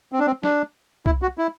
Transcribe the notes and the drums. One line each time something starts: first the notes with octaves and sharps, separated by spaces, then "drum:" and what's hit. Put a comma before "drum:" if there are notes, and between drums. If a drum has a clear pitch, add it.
C4
D4
C4
D4, drum: snare
E4, drum: kick
F#4
E4